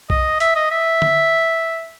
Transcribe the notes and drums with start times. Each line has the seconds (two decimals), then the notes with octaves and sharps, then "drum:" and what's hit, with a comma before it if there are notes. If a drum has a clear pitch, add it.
0.10 D#5, drum: kick B1
0.40 E5, drum: hi-hat
0.56 D#5
0.71 E5
1.02 drum: tom